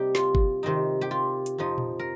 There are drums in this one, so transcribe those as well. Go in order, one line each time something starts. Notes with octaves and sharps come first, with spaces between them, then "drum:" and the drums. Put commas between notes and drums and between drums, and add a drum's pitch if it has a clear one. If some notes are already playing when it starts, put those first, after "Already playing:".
Already playing: C3 G3 A#3 D#4 G4
F4, drum: snare
drum: kick G1
C3 D#3 C4 D#4
G4
F4
drum: hi-hat
F2 F3 D#4
drum: tom A#2
A#4